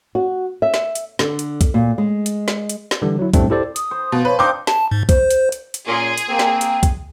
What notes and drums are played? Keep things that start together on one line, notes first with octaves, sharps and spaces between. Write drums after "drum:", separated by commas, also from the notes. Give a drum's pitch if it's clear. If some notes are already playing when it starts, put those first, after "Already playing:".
F#4
E5
drum: snare
drum: hi-hat
D3, drum: snare
drum: hi-hat
drum: kick B1, hi-hat
A#2
G#3
drum: hi-hat
drum: snare
drum: hi-hat
drum: snare
D3 E3 G3
F#3 E4
F#2 A2 G3 A3 C4 D4, drum: kick B1, hi-hat
E4 G4 A4 C5 D5
D#6, drum: hi-hat
C5
B2 F3
B4 C#5
C4 D4 D#4 G5 C6 D6
A5, drum: snare
G#2
C5, drum: kick B1, hi-hat
drum: hi-hat
drum: hi-hat
drum: hi-hat
A#2 C#4 G#4 C6
drum: hi-hat
A#3 C4 G5
drum: snare
drum: hi-hat
drum: kick B1, hi-hat